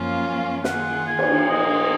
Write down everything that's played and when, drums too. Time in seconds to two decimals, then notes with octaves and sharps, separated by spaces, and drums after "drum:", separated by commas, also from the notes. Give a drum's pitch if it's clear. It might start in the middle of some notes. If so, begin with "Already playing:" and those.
Already playing: F#2 F3 A#3 C#4 F4 F5
0.64 D#3 A#3 F4 G#4 F#5, drum: snare
1.07 G#5
1.19 drum: cymbal
1.48 A#2 F3 B3 F4 A#4 D#5